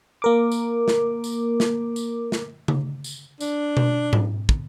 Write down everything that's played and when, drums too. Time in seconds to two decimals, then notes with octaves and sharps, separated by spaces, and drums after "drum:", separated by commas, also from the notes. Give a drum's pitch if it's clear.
0.22 A#3 A#4 D6
0.52 drum: tambourine
0.88 drum: snare
1.24 drum: tambourine
1.60 drum: snare
1.96 drum: tambourine
2.32 drum: snare
2.68 drum: tom C#3
3.04 drum: tambourine
3.41 D4, drum: tambourine
3.77 drum: tom B2
4.13 drum: tom G#2
4.49 drum: kick